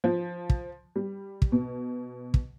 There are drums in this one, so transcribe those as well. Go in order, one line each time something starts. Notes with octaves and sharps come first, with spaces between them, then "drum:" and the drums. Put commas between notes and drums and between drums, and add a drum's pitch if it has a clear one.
F3
drum: kick
G3
drum: kick
B2
drum: kick